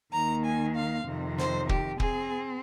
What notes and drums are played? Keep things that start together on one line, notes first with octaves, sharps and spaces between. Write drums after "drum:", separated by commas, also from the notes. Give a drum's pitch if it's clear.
D#2 D#3 A#3 A#5
G#5
F5
F2 C3 D#3
C5, drum: snare
G4, drum: kick
C4 G#4, drum: kick